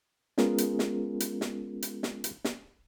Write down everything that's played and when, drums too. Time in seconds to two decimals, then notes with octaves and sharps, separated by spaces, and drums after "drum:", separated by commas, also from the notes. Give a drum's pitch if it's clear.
0.38 G#3 B3 C#4 F4 G#4 A#4, drum: snare
0.58 drum: hi-hat
0.79 drum: snare
1.20 drum: hi-hat
1.41 drum: snare
1.82 drum: hi-hat
2.03 drum: snare
2.24 drum: hi-hat
2.45 drum: snare